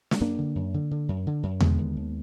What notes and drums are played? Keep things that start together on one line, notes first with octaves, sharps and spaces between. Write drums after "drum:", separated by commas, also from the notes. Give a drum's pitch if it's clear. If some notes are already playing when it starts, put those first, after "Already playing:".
drum: snare
F#2 A#3 D4
D3
F#2
D3
D3
F#2
D3
F#2
D3 G#3 B3, drum: tom E2
D#2
D#2